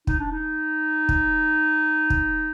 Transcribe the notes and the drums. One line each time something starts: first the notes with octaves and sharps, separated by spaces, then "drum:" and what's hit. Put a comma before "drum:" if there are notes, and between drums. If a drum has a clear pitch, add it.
D#4, drum: kick
D4
D#4
drum: kick
drum: kick